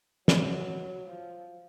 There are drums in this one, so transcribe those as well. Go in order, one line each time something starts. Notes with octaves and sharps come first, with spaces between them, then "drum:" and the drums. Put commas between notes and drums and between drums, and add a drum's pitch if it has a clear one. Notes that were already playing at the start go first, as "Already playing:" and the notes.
F#3, drum: snare
F3